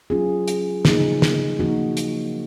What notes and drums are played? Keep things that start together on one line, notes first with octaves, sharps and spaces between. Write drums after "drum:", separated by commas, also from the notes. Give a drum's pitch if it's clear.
F#3 C#4 F4 G#4
drum: hi-hat
C#3 F3 A#3 D#4 G#4, drum: snare
drum: snare
F3 A#3 D#4 F#4
drum: hi-hat